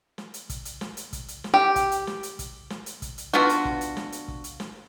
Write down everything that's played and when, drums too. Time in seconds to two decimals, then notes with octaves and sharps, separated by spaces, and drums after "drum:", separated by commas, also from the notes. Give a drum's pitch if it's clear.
0.18 drum: snare
0.34 drum: hi-hat
0.49 drum: kick, hi-hat
0.65 drum: hi-hat
0.81 drum: snare
0.97 drum: hi-hat
1.13 drum: kick, hi-hat
1.28 drum: hi-hat
1.44 drum: snare
1.54 G4
1.76 drum: kick, hi-hat
1.91 drum: hi-hat
2.07 drum: snare
2.23 drum: hi-hat
2.39 drum: kick, hi-hat
2.70 drum: snare
2.86 drum: hi-hat
3.02 drum: kick, hi-hat
3.18 drum: hi-hat
3.33 D3 B3 F4 F#4, drum: snare
3.49 drum: hi-hat
3.65 drum: kick
3.81 drum: hi-hat
3.97 drum: snare
4.12 drum: hi-hat
4.28 drum: kick
4.44 drum: hi-hat
4.60 drum: snare